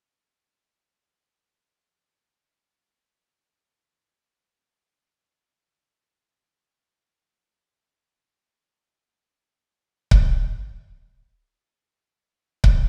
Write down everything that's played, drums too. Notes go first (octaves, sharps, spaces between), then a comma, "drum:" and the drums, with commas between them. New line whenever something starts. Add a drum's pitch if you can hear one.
A#3 E4 A#4
C4
A3
E3
E4
C4
A3
E3
D3
C4
A3
D3
D3
C4
A3
D3
D3 A3 A4
D4
A3 A4
A3
G3 G4
D3
D3 A#3 A#4
D4
A3
D3
A2 C4 C5
C4
F3
A2
A2
C4
F3
A2
E3 E4 E5
E4
A#3
E3
E3
E4
A#3
E3
D3 D4 D5
D4
drum: kick C#1
drum: kick C#1